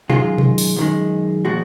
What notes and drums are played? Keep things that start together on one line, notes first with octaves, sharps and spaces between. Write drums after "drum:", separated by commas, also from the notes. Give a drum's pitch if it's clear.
F#2 D#3 G#3 F4, drum: tom B2
drum: tom B2
drum: open hi-hat
F#2 D#3 G#3
A#2 F3 G#3 F#4